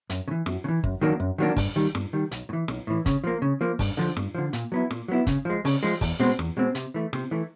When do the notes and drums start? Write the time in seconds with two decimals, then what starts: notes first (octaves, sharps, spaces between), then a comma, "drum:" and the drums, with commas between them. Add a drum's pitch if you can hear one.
0.10 F#2, drum: hi-hat
0.28 C#3
0.31 E3
0.46 F#2, drum: snare
0.64 C#3
0.68 E3
0.84 F#2, drum: kick
1.01 D#3 F#3 A#3 D4
1.20 F#2
1.38 D#3 F#3 A#3 D4
1.56 G2, drum: kick, open hi-hat
1.76 D#3 G3
1.95 G2, drum: snare
2.13 D#3 G3
2.31 B1, drum: hi-hat
2.49 A2
2.53 E3
2.68 B1, drum: snare
2.87 A2 E3
3.06 C#3, drum: kick, hi-hat
3.24 F3 A#3
3.42 C#3
3.61 F3 A#3
3.79 G2, drum: kick, open hi-hat
3.97 D3 F3
4.17 G2, drum: snare
4.35 D3 F3
4.53 A#2, drum: hi-hat
4.72 F#3 B3 E4
4.91 A#2, drum: snare
5.08 F#3 B3 E4
5.27 C#3, drum: kick, hi-hat
5.45 F3 G#3
5.65 C#3, drum: open hi-hat
5.83 F3 G#3
6.01 E2, drum: kick, open hi-hat
6.20 B2 G#3 C4
6.39 E2, drum: snare
6.57 B2 G#3 C4
6.75 C3, drum: hi-hat
6.94 E3 A3
7.13 C3, drum: snare
7.31 E3 A3